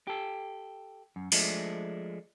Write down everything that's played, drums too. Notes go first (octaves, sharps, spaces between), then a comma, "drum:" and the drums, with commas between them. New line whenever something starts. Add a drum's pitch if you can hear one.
G4 A4
F#2
F3 G#3 A3 D4, drum: open hi-hat